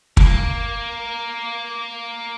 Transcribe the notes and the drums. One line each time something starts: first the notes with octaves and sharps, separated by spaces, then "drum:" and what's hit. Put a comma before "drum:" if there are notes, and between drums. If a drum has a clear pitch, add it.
A#3, drum: kick